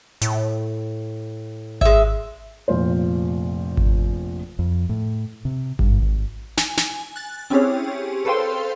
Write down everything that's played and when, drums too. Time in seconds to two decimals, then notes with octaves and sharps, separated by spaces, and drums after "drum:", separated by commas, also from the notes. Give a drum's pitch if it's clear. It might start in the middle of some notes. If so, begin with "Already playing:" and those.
0.22 A2, drum: hi-hat
1.81 G#3 E5, drum: kick G#1
2.68 F1 A#1 F4 C5
3.77 drum: kick G#1
4.59 F2
4.89 A2
5.45 C3
5.79 G2, drum: kick G#1
6.02 G#1
6.57 G#5, drum: snare
6.77 drum: snare
7.16 F#6 A6
7.50 C4 C#4 E4 G4 G#4 C#5
8.25 A4 B4 C5 F5 G5 C6